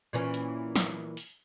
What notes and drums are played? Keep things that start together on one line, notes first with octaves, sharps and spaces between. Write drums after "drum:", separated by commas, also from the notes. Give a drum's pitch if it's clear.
A#2 E3 C#4
drum: hi-hat
drum: snare
drum: open hi-hat